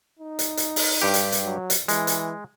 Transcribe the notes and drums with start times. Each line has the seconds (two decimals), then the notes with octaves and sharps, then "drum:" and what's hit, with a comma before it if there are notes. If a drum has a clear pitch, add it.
0.19 D#4
0.39 drum: hi-hat
0.57 drum: hi-hat
0.76 drum: open hi-hat
1.02 G2 G4
1.14 drum: hi-hat
1.32 drum: hi-hat
1.45 F#3
1.70 drum: hi-hat
1.88 E3 G#3, drum: hi-hat
2.07 drum: hi-hat